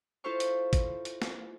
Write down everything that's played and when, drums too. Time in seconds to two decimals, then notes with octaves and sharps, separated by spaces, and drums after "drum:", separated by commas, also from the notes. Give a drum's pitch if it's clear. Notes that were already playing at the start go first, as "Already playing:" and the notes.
0.24 E4 F4 A4 C5 F5 C#6
0.40 drum: hi-hat
0.73 drum: kick, hi-hat
1.05 drum: hi-hat
1.22 drum: snare